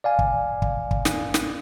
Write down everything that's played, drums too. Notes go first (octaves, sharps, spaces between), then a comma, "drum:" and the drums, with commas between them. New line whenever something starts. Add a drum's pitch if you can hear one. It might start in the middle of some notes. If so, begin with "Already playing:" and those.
D5 F5 G#5
drum: kick
drum: kick
drum: kick
drum: snare
drum: snare